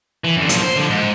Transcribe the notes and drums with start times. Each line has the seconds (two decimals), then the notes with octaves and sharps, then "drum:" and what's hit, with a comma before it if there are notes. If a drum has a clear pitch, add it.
0.24 E3
0.36 F#2 D3
0.49 A#2 F3, drum: hi-hat
0.63 C5
0.76 D3 F3
0.90 G#2